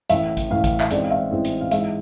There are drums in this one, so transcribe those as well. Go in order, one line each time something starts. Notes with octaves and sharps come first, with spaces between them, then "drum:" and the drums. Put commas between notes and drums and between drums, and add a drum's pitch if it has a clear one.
A1 A2 E3 E5, drum: hi-hat
drum: kick A1, hi-hat
A1 A2 E3 F5
drum: kick A1, hi-hat
E5, drum: clap
A1 G#2 E3 G#3 C4 D5, drum: hi-hat
F5
E5
A1 G#2 E3 G#3 C4
drum: hi-hat
F5
G#2 E3 G#3 E5, drum: hi-hat